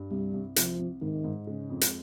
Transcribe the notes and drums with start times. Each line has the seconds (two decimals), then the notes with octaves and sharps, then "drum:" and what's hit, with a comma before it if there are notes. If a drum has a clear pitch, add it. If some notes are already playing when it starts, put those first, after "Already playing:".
Already playing: G2
0.11 C2 G3
0.33 C2
0.56 C2 F3, drum: hi-hat
0.79 C2
1.01 G#2 D#3
1.24 G#2
1.47 C#3 G#3
1.70 F2
1.81 drum: hi-hat